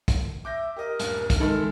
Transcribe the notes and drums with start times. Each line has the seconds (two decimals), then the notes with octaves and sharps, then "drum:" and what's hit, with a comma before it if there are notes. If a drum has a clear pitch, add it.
0.08 drum: kick, hi-hat
0.45 E5 D6 G6 A#6
0.76 G4 A#4 D#5
0.99 D#1 G2, drum: hi-hat
1.30 drum: kick, hi-hat
1.40 C3 D#3 G#3 A4 B5 F6